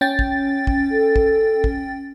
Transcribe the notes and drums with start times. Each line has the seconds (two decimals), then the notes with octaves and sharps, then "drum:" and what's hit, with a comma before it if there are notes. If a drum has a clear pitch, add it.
0.01 C#4 G5 A6
0.19 drum: kick
0.67 drum: kick
0.91 A4
1.16 drum: kick
1.64 drum: kick